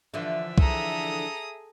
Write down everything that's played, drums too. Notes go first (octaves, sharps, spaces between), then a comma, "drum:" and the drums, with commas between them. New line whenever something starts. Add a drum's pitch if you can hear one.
D3 E3 F3 E5
G#4 A4 A#5 D#6, drum: kick